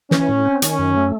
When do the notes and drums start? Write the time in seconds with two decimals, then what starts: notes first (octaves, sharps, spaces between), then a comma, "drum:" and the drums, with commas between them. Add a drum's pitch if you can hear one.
0.11 E3 C#4, drum: snare
0.28 A2
0.45 C4
0.62 D#3 C#4, drum: hi-hat
0.79 F#2
0.96 A3